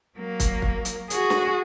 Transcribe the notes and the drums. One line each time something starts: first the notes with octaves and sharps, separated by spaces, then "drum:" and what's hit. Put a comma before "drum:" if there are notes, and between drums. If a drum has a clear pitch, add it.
F#3 A#3
drum: kick, hi-hat
drum: kick
drum: hi-hat
F#4 G#4, drum: hi-hat
drum: snare